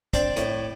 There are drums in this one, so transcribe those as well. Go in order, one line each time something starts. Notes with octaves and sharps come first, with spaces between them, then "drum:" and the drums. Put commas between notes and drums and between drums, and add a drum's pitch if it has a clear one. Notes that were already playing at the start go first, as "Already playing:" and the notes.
C4 D4 D5, drum: kick, hi-hat
A2, drum: hi-hat